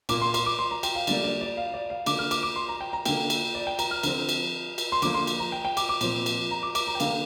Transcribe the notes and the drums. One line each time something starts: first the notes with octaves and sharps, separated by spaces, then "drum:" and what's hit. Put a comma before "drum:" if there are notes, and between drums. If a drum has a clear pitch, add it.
A#2 A#3 D6, drum: cymbal
C6
C6, drum: cymbal
D6
C6
A#5
G5, drum: cymbal
F5
D3 G3 A#3 D5, drum: cymbal
D5
D5
F5
D5
F5
D3 A#3 D6, drum: cymbal
F6
D6, drum: cymbal
D6
C6
A#5
G5
A#5
D3 A#3 G5, drum: cymbal
drum: cymbal
D5
G5
A#5, drum: cymbal
F6
D3 F3 C4, drum: cymbal
drum: cymbal
drum: cymbal
C6
D3 F3 A#3 D6, drum: cymbal
C6
drum: cymbal
A#5
G5
G5
D6, drum: cymbal
D6
A#2 F3 C4, drum: cymbal
drum: cymbal
A#5
D6
D6, drum: cymbal
A#5
G5
D3 A#3 F5, drum: cymbal